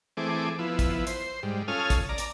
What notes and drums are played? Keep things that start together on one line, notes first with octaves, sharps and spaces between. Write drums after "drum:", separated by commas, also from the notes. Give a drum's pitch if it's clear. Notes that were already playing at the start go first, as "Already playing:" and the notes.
E3 A3 C4 G#4 D6
F3 B3 E4
drum: kick, hi-hat
C5, drum: hi-hat
G#2 G3
C#4 F4 A4 G#5 D#6 F6
drum: kick, hi-hat
D5 A#5
drum: hi-hat